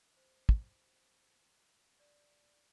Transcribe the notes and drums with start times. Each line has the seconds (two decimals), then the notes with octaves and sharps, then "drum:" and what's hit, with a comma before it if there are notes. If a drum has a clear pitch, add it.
0.17 C5
0.49 drum: kick
2.00 D5